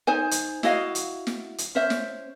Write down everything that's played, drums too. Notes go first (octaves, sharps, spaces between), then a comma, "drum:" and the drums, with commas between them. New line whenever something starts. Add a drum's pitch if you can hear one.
D#4 C5 G#5
drum: hi-hat
E4 F#4 D#5 F5, drum: snare
drum: hi-hat
drum: snare
drum: hi-hat
C#4 C5 E5
drum: snare